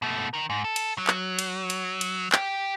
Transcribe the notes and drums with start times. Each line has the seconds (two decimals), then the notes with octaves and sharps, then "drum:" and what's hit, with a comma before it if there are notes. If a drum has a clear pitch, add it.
0.02 B2 A3
0.34 D#3 A#4
0.50 G#2
0.64 A4
0.76 drum: cymbal
0.98 F#3
1.07 drum: clap
1.39 drum: cymbal
1.70 drum: cymbal
2.01 drum: cymbal
2.32 G4 G5, drum: clap